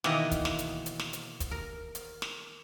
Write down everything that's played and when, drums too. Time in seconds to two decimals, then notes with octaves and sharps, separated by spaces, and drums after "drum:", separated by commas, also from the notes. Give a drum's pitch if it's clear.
0.04 B2 D#3 E3 A#3 E4 D#5, drum: snare
0.31 drum: kick, hi-hat
0.45 drum: snare
0.59 drum: hi-hat
0.86 drum: hi-hat
0.99 drum: snare
1.13 drum: hi-hat
1.40 drum: kick, hi-hat
1.51 A#4
1.95 drum: hi-hat
2.22 drum: snare